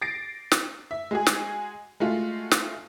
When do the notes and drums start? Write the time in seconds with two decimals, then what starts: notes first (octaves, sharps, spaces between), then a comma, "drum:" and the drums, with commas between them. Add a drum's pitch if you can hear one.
0.02 A6 A#6 C7 D7
0.52 drum: snare
0.91 E5
1.11 G#3 F#4 G#4
1.26 drum: snare
2.00 G#3 A3 F4 F#4
2.51 drum: snare